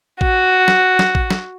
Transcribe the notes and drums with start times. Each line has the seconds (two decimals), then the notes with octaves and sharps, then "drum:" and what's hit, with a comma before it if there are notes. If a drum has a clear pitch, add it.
0.21 F#4, drum: kick
0.68 drum: snare
0.99 drum: snare
1.15 drum: kick
1.30 drum: snare